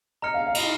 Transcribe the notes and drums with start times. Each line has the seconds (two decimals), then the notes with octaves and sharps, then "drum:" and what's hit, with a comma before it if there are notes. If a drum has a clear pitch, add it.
0.22 D#5 A#5 F6 C#7
0.34 F5
0.47 F5
0.55 D#5, drum: cymbal